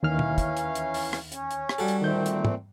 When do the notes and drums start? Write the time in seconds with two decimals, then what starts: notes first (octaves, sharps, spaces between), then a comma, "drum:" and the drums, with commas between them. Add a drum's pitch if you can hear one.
0.03 D#2 D#3 E3 C#4 F5 F6
0.19 drum: tom B2
0.38 drum: kick, hi-hat
0.57 drum: hi-hat
0.75 drum: hi-hat
0.94 drum: open hi-hat
1.13 drum: rim click
1.32 C#4, drum: hi-hat
1.51 drum: hi-hat
1.69 drum: rim click
1.78 G3 F#4 A4
1.88 drum: hi-hat
2.01 A#2 D#3 A3 C4 G6
2.26 drum: hi-hat
2.45 drum: tom